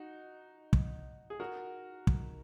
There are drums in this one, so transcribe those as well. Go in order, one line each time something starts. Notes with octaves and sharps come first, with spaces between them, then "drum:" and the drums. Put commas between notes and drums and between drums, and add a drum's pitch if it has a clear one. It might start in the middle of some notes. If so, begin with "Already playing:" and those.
Already playing: D#4 F#4
drum: kick
G#4
F#4 A#4
drum: kick